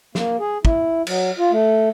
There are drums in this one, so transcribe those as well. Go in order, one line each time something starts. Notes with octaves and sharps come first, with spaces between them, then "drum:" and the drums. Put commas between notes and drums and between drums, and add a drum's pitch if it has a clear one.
A#3, drum: snare
G#4
E4, drum: kick
F#3, drum: cymbal
F4
A3